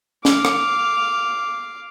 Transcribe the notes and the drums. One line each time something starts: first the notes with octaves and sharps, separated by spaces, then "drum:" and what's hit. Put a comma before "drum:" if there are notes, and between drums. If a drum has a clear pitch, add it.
F5 D6, drum: snare
drum: rim click